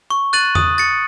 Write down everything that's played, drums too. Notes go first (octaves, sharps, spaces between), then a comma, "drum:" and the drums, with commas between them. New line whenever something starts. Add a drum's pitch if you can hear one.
C#6
F#6 A6 D#7 F#7
D#6, drum: tom E2
A6 C#7